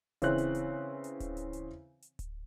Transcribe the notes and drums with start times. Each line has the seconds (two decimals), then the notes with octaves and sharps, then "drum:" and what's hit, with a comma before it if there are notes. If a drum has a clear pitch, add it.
0.22 C#3 E3 C4 F#6, drum: kick D1, hi-hat
0.38 drum: hi-hat
0.55 drum: hi-hat
1.04 drum: hi-hat
1.20 drum: kick D1, hi-hat
1.37 drum: hi-hat
1.53 drum: hi-hat
2.02 drum: hi-hat
2.19 drum: kick D1, hi-hat